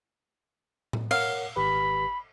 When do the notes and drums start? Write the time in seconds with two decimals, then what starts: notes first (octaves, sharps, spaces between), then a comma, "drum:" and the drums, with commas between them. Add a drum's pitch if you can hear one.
0.93 drum: tom A2
1.11 A#4 C#5 F5 F#5, drum: cymbal
1.56 G#1 G4 B4 B5